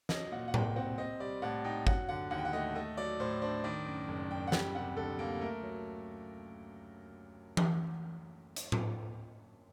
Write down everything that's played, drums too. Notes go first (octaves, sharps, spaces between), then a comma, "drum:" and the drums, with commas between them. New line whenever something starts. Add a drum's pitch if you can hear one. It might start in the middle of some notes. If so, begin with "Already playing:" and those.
F#3 D#5, drum: snare
A#2 F#5
F#5
C2 G5, drum: tom A2
C4 F#5
C4 D#5
G3 D5
A2 F#5
D#4 G5
F#3 F#5, drum: kick
D3 F#5
D#2 F#5
G5
F#5
A3 D#5
A3 D#5
F#3 D5
A2 C5
D4 C5
D#3 D5
F#2
F#1
F#1 G5
F#5
G3 G5, drum: snare
C3 F#5
D2 A4
A#3
A3 A#4
F#3
drum: tom E3
drum: hi-hat
drum: tom A2